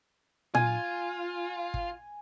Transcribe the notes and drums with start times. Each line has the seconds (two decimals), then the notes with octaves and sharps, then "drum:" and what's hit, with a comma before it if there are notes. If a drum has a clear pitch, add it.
0.55 F4 G#5, drum: tom A#2
1.74 drum: kick